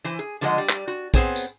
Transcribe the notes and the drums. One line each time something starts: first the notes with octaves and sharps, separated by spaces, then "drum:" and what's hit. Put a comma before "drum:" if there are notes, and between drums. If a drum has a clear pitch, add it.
E3 C5 G#5
G#4
D3 F3 G#3 C#5 D#5 F#5
G3
drum: clap
F#4
B3 C4 G#4 C5 C#5 G#5, drum: kick, tambourine
drum: tambourine